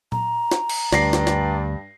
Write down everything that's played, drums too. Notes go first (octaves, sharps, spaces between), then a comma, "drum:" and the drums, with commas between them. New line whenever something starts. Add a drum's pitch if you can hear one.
A#5, drum: tom A#2
drum: snare
drum: cymbal
D2 G2 D5 A#6 C7, drum: snare
drum: snare
drum: snare